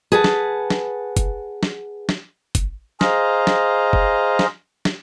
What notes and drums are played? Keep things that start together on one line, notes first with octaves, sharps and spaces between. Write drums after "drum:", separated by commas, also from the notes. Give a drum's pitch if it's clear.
G#4 B4 F#5 A5
drum: snare
drum: snare
drum: kick, hi-hat
drum: snare
drum: snare
drum: kick, hi-hat
G#4 C5 D#5 F5 A#5, drum: snare
drum: snare
drum: kick
drum: snare
drum: snare